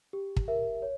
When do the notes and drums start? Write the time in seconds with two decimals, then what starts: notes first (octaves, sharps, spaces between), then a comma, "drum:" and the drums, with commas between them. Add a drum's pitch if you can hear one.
0.13 G4
0.36 drum: kick
0.48 A#4 E5
0.82 C#5